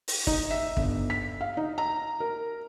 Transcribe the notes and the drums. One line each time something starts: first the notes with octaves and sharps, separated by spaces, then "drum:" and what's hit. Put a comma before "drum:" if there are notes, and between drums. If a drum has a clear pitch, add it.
drum: open hi-hat
D#4, drum: kick
E5
G1, drum: kick
B6
F5
D#4
A#5
A#4